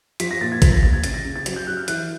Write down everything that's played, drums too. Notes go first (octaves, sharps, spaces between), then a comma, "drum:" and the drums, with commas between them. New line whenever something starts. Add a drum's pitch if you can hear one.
F3 B6, drum: hi-hat
A#6
A#2 A6
G#6
F3 B6, drum: kick A1, hi-hat
A#6
A#2 A6
G#6
C#3 A6, drum: hi-hat
A#6
C#3
A6
F#3 A6, drum: hi-hat
G6
F#3 F#6
F6
E3 F#6, drum: hi-hat